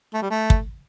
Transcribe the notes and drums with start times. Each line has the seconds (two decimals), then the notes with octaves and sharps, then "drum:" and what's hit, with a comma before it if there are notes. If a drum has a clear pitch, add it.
0.14 A3
0.22 G3
0.30 A3
0.50 drum: kick